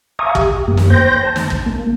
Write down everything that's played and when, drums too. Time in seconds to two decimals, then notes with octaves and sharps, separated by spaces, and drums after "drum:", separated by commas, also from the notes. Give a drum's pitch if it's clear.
0.19 E5 F5 G#5 A#5 C#6 D#6
0.35 G4, drum: kick
0.68 F#2 A#3
0.77 drum: snare
0.90 C5 G5 C6 G6 A#6
1.22 A5
1.36 drum: snare
1.50 drum: kick
1.66 A#3